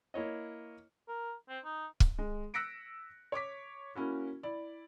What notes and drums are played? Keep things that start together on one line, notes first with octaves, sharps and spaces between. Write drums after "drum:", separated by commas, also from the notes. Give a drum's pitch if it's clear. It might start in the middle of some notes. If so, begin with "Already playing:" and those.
A#3 E4 C#5 D#5
A#4
C4
D#4
drum: kick
G#3
E6 F#6 A#6 B6 C#7 D7
C#5 C#6 D6 B6
A#3 C#4 E4 F#4
E4 D5